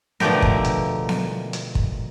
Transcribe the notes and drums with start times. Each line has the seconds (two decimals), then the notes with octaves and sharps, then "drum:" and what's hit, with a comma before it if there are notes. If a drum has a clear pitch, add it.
0.20 B2 D3 F3 A3 G4 A#4, drum: snare B3
0.42 drum: kick
0.64 drum: hi-hat
1.09 drum: snare B3
1.53 drum: hi-hat
1.75 drum: kick